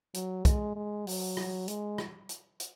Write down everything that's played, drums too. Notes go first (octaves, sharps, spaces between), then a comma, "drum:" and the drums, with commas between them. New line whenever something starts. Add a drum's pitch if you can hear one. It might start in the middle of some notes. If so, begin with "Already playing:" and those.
F#3, drum: hi-hat
G#3, drum: kick, hi-hat
G#3
F#3, drum: open hi-hat
drum: rim click
G#3, drum: hi-hat
drum: rim click
drum: hi-hat
drum: hi-hat